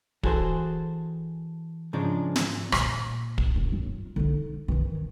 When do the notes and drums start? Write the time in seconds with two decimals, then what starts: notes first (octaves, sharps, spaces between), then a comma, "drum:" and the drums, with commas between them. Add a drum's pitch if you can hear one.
0.23 E3 F#4 G#4 A4 C5, drum: kick
1.93 G#2 C#3 F3 G#3 D4
2.36 drum: snare
2.72 A#2, drum: rim click
3.38 drum: kick
3.56 F#2
3.72 F#3 F4
4.16 D3 D#4
4.68 D#3 E3